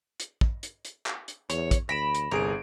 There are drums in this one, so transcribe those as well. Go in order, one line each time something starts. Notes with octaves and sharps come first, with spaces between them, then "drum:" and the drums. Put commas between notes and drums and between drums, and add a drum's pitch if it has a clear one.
drum: hi-hat
drum: kick
drum: hi-hat
drum: hi-hat
drum: clap
drum: hi-hat
E2 C#5, drum: hi-hat
drum: kick, hi-hat
D2 B5 A#6 D7 E7
drum: hi-hat
G1 C2 G#4 A#4 D7